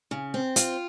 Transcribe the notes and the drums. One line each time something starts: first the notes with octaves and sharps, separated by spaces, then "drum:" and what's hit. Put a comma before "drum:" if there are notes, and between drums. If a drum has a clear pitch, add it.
C#3
C4
F4, drum: hi-hat